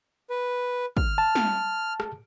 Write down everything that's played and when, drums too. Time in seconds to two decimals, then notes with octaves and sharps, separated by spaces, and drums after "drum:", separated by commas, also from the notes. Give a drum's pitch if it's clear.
0.30 B4
0.97 F6, drum: kick
1.18 A5
1.35 drum: snare
2.00 drum: rim click